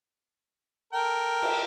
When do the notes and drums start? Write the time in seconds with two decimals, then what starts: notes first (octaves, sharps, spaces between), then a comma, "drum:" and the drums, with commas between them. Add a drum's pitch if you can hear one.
0.93 A4 A#4 G5
1.42 drum: cymbal